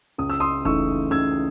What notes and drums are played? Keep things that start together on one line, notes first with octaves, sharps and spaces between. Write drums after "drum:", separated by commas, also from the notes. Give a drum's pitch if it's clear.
C#2 D#6
E6
C6 D#6
C#3 E3 A3 D#4 C#6 E6, drum: kick F1
C#2 E6 G#6, drum: hi-hat